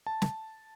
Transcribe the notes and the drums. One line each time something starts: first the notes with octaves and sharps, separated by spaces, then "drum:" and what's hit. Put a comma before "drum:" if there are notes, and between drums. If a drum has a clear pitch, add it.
A5
drum: snare